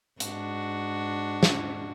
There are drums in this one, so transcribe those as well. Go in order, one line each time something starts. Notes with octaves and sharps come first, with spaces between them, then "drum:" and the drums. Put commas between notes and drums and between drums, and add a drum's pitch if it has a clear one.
G#2 D4 F#4, drum: hi-hat
drum: snare